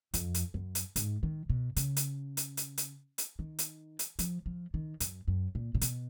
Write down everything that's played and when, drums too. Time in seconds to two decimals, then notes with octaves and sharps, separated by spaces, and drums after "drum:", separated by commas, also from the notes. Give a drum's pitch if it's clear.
0.14 F2, drum: hi-hat
0.34 drum: hi-hat
0.54 F#2
0.75 drum: hi-hat
0.96 G#2, drum: hi-hat
1.23 D#3
1.50 B2
1.76 C#3, drum: hi-hat
1.96 drum: hi-hat
2.37 drum: hi-hat
2.57 drum: hi-hat
2.78 drum: hi-hat
3.18 drum: hi-hat
3.39 D#3
3.59 drum: hi-hat
3.99 drum: hi-hat
4.19 F3, drum: hi-hat
4.46 F3
4.74 D#3
5.00 F#2, drum: hi-hat
5.28 F#2
5.55 A#2
5.75 A#2
5.81 B2, drum: hi-hat